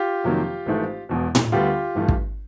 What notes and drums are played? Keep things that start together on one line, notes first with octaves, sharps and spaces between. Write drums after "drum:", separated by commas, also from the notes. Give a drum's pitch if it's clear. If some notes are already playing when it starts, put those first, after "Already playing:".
Already playing: F4 G4
F2 C3 D#3 F#3 A#3
G#1 G#2 E3 A3
E1 E2 B2
drum: tom A2
D2 D3 G3 B3 F4 G4
G1 G2 E3 A3
drum: kick